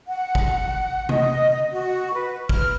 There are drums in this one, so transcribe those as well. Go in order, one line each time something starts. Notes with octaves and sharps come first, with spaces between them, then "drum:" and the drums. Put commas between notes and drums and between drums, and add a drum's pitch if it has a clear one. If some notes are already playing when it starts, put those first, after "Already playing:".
F#5
drum: kick
D#5, drum: tom C3
F#4
B4
F6, drum: kick